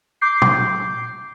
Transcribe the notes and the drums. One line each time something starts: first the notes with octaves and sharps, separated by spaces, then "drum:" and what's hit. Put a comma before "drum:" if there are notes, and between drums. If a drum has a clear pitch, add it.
D6 G6 C7
drum: tom